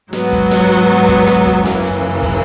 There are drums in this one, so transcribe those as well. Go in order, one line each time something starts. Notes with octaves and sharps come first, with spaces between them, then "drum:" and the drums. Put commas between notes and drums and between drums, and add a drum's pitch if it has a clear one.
G#2 F#3 B3 F#4, drum: snare
drum: kick, hi-hat
drum: snare
drum: hi-hat
drum: kick, hi-hat
drum: snare
drum: kick, hi-hat
F#2 C#3 E3 A#3 C#4, drum: snare
drum: hi-hat
drum: kick, hi-hat